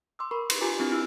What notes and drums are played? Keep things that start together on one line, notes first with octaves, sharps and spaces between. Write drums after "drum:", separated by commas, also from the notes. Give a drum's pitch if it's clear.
C6 D6 E6
A#4 B5 C#6
C6, drum: cymbal
F4 G4 G#5 A#5 D6
C4 D4 E4
E4 E6